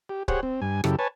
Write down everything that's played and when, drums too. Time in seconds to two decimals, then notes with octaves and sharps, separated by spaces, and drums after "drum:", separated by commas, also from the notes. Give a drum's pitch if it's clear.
0.09 G4
0.28 G4 G#4 C5 C#5 F#5, drum: kick C#1
0.43 C4
0.62 G2 G#5
0.84 F#2 C#3 E4 G4 A4, drum: rim click
0.99 B4 C#5 G#5 A5